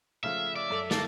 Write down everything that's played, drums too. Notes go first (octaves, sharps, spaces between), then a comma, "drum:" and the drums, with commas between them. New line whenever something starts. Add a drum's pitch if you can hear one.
C#3 F3 A3 E5 F5
D5 E5
F#2 A4 F7
D3 A3 A#3 E4 A5, drum: snare